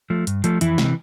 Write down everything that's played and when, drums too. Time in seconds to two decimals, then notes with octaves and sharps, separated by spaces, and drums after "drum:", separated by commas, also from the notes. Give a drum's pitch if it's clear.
0.10 F3 A3
0.27 G2, drum: hi-hat
0.44 F3 A3, drum: hi-hat
0.61 F2 E3 E4, drum: hi-hat
0.78 C3, drum: snare
0.84 E3